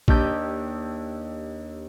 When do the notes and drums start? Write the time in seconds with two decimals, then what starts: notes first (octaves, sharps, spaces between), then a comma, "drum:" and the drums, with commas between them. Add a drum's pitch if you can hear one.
0.08 D#2 D4 G4 D#5 E6 G6, drum: kick